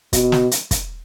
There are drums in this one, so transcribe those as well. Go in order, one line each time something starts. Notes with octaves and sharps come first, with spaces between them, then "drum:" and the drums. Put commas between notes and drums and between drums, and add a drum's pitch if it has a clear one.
B2, drum: kick, hi-hat
drum: snare
drum: hi-hat
drum: kick, hi-hat